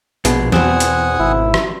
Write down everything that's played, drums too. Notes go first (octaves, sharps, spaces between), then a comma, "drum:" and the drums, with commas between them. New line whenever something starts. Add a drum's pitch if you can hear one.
A#1 B2 G#3, drum: hi-hat
E2 B2 C4 F#5 G#5 D#6, drum: snare
drum: hi-hat
G#1 E4
drum: rim click